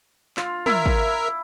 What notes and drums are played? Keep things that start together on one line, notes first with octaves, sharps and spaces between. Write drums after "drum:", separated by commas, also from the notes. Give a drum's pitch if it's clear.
F4, drum: clap
E4 A#4 E5, drum: tom
drum: kick